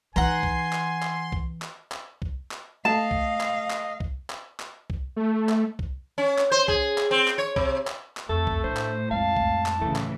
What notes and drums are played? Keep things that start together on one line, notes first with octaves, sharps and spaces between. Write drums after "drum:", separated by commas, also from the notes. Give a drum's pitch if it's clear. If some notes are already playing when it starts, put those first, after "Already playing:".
E3 D#4 F#5 G#5 A#5 C6
drum: kick C2
drum: clap
drum: clap
drum: kick C2
drum: clap
drum: clap
drum: kick C2
drum: clap
A3 D#5 F5 A5
drum: kick C2
drum: clap
drum: clap
drum: kick C2
drum: clap
drum: clap
drum: kick C2
A3
drum: clap
drum: kick C2
C#4
drum: clap
C5
G#4, drum: kick C2
drum: clap
C4
drum: clap
C#5
C3, drum: kick C2
drum: clap
drum: clap
F2 A3 A4
drum: kick C2
A2 D4 C5
drum: clap
F2 G#3 F5 A5
drum: kick C2
drum: clap
D2 A2 C#3 E3 A3
drum: clap